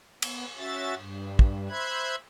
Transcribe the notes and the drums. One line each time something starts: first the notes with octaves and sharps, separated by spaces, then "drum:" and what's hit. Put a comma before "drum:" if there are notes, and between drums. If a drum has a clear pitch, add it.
B3, drum: cymbal
C#4 F#4 E5 A6
G2
drum: kick
C5 E5 B5 F#6 G#6